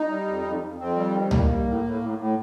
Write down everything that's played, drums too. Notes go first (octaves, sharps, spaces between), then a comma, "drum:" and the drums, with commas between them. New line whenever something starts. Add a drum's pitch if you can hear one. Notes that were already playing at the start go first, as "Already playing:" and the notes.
Already playing: D#4
G3
F2
F2
F2
F2 C4
G3
D#3
A2 A#3, drum: tom C#2
G3
A2
A2
A2
A2